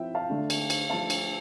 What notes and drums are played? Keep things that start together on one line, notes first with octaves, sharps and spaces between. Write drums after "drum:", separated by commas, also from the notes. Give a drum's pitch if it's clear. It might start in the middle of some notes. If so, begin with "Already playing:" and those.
Already playing: F3 C4 E4 E5 G5
F5 A5
D3 A3 D4
drum: cymbal
drum: cymbal
F3 A3 D4 F5 A5
drum: cymbal